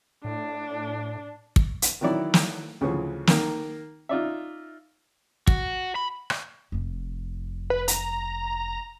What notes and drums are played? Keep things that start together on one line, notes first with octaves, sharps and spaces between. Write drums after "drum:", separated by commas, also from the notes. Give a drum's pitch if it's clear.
A2 D4
drum: kick
drum: hi-hat
D#3 E3 F#3 E4 D5
drum: snare
D2 C#3 E3 F3
D#3 A#3, drum: snare
D#4 F4 D5 E5
F#4, drum: kick
B5
drum: rim click
F1 F2
B4
A#5, drum: hi-hat